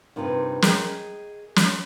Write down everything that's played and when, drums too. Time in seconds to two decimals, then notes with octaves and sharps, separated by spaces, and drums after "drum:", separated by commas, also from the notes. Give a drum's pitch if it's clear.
0.16 G2 C3 D#3 F4 B4
0.62 G#4 A#4 D#5 G5, drum: snare
1.56 drum: snare